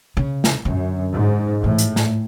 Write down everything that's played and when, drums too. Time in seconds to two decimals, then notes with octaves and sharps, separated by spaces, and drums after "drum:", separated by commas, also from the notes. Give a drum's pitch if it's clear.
0.17 C#3
0.44 drum: snare
0.65 F#2 D3
1.15 G#2
1.63 A2 E3
1.78 drum: hi-hat
1.96 drum: snare